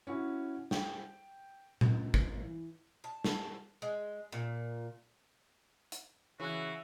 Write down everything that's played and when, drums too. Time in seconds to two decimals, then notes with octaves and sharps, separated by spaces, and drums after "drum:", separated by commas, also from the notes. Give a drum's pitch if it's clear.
0.07 C#4 E4 F#4
0.71 G5, drum: snare
1.81 C#2, drum: tom A#2
2.14 drum: kick G#1
2.42 E3
3.04 A5
3.24 drum: snare
3.82 G#3
4.32 A#2
5.92 drum: hi-hat
6.40 C#3 E3 F#4